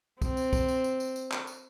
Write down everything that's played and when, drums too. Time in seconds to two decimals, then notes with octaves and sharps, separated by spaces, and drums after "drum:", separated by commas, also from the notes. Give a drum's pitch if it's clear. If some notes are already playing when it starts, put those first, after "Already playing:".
0.22 C4, drum: kick, tambourine
0.37 drum: tambourine
0.53 drum: kick, tambourine
0.68 drum: tambourine
0.84 drum: tambourine
1.00 drum: tambourine
1.16 drum: tambourine
1.31 drum: clap
1.47 drum: tambourine